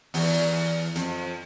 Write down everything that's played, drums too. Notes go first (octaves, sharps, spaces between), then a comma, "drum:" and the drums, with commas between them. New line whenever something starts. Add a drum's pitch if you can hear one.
E2, drum: open hi-hat
F2, drum: hi-hat